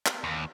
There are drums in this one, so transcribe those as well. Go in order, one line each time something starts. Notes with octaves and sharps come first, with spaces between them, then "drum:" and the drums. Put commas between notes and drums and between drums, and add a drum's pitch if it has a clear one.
drum: clap
D#2